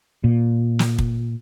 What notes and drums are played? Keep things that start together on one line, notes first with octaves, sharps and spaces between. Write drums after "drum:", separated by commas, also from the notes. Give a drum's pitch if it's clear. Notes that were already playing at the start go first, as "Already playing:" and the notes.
A#2
drum: snare
drum: kick